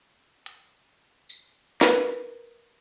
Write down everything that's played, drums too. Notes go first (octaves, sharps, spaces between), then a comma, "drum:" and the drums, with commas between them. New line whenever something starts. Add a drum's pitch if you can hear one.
drum: hi-hat
drum: tambourine
A#4 B4, drum: snare